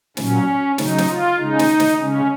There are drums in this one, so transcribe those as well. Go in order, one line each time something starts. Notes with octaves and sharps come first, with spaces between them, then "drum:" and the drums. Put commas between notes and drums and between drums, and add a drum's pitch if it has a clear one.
A#2 F#3 C#4, drum: snare
C#3 F#3 D#4, drum: snare
drum: snare
F4
C#3 G#3 D#4
drum: snare
drum: snare
C#3 G#3 C#4